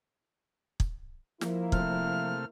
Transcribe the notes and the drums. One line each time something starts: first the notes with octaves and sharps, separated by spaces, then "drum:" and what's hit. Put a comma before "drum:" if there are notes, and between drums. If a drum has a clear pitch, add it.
drum: kick
F3 A#3 E4, drum: snare
C3 A3 F6, drum: kick